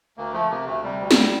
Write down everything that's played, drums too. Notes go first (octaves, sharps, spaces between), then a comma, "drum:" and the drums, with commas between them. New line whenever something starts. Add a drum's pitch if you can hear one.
D2 A#3
F3 A3
C3 A#3
D2 A3
C3 G3
D2
drum: snare